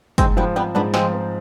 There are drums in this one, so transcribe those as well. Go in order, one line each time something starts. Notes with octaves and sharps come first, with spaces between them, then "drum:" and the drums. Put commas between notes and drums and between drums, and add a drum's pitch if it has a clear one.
G#2 G#3 C4, drum: kick, hi-hat
F3 G3 B3
G3 B3 C4
G#2 B3 D4
F3 G#3 C4, drum: snare
C4